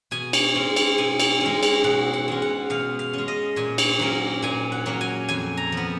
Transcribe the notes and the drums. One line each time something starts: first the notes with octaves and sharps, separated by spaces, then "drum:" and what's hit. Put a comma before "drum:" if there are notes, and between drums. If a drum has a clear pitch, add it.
B2 G#5
drum: cymbal
G#3 C#4
drum: cymbal
B2 G#5
drum: cymbal
G#3 C#4
drum: cymbal
B2 F#5
F#5
G#3 C#4
F#5
B2 F5
F5
G#3 C#4
D#5
A#2 G#5
drum: cymbal
F#3 A#3 C#4
A#2 G#5
F#5
F#3 A#3 C#4
G#5
F2 G#5
A#5
F3 B3